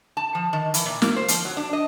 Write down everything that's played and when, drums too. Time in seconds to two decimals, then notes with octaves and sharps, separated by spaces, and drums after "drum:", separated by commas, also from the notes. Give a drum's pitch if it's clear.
0.17 A5
0.35 F3
0.53 D#3
0.74 E3, drum: hi-hat
0.86 A#2
1.02 A#3, drum: snare
1.16 C5
1.28 F3, drum: hi-hat
1.45 F#3
1.57 D4
1.73 D#5